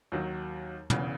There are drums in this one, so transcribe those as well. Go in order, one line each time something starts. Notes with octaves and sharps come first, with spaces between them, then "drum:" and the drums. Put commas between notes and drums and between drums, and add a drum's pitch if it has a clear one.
D#2 D#3 F#3
E1 E2 C#3, drum: tom